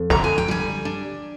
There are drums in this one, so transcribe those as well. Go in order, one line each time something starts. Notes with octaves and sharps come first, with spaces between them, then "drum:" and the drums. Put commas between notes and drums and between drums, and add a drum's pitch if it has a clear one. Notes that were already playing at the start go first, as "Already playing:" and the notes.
Already playing: F2
D3 A#5, drum: snare
G#5
G5
G3 G#5
D4